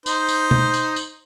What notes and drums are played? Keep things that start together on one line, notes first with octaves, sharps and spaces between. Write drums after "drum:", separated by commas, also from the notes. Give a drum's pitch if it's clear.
D#4 C5, drum: tambourine
drum: tambourine
drum: tom
drum: tambourine
drum: tambourine